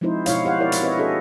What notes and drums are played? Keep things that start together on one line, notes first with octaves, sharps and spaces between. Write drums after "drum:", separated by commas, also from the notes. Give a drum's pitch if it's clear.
F3 G#3 C4 D#4 E4 C5
B2 E4 C#5 F5, drum: hi-hat
G4 C5 F5 F#5
E4 A#4 C#5 D5
drum: hi-hat
C4 B4 C#5 D#5 E5
D4 F#4 G#4 A4 C#5 D#5